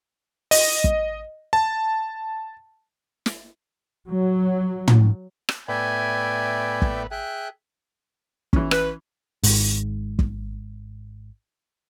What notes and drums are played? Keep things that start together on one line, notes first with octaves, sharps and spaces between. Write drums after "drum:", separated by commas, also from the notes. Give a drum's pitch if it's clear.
D#5, drum: open hi-hat
drum: kick
A5
drum: snare
F#3
drum: tom
drum: rim click
A2 B3 B4 D5 E5 G5 G#5
drum: kick
G#4 E5 G5 F#6
E3 C#4, drum: kick
B4, drum: rim click
G#1 G#2, drum: open hi-hat
drum: kick